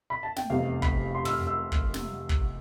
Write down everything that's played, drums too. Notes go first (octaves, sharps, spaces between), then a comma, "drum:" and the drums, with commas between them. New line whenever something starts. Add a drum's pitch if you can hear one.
B5
A5
G5, drum: snare
F1 E2 C3 F5
B5, drum: kick
C6
E6, drum: tom
F6
E6
drum: kick
drum: snare
drum: kick